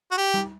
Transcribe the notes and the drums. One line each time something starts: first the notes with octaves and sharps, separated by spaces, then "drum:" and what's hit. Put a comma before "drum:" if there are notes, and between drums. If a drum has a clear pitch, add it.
F#4
G4
drum: tom G3